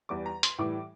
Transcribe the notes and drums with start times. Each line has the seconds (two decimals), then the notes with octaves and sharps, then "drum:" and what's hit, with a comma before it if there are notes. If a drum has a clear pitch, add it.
0.09 E2 E3 G3 D6
0.26 A#5
0.43 C6, drum: hi-hat
0.58 A2 E3 G3 D6